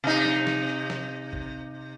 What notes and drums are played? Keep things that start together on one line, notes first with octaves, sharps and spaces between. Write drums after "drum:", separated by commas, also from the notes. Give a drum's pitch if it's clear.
C3 D#4
drum: snare
drum: snare
drum: snare
drum: kick G1